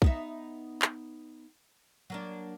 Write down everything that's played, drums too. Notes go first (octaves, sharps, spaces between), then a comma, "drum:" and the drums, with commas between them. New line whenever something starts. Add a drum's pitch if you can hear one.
B3 D#4 E5, drum: kick
drum: clap
F#3 A#3 D4